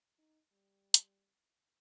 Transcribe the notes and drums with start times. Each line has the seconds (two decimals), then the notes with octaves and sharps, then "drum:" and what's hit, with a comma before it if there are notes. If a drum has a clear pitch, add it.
0.18 D#4
0.52 G3
0.94 drum: hi-hat